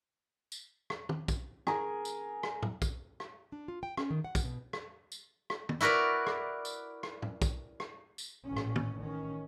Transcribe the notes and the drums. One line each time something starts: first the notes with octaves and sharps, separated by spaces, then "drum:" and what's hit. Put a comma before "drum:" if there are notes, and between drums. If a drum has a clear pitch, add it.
drum: tambourine
drum: rim click
drum: tom
drum: kick, tambourine
G#4 A#4, drum: rim click
drum: tambourine
drum: rim click
drum: tom A2
drum: kick, tambourine
drum: rim click
D4
F4
G5
C#4, drum: rim click
D#3
F#5
drum: kick, tambourine
B2
drum: rim click
drum: tambourine
drum: rim click
drum: tom
E4 F#4 A#4 B4 D5
drum: rim click
drum: tambourine
drum: rim click
drum: tom A2
drum: kick, tambourine
drum: rim click
drum: tambourine
A1 A#2 C#4
drum: rim click
drum: tom
D#3 C#4